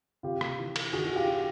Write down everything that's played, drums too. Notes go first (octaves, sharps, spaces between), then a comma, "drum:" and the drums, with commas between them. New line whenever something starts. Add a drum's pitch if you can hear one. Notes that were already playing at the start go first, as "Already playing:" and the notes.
C3 F4 G4
drum: rim click
E3
drum: cymbal
D#3 F#4 G#4
F#4
F4 G4
G4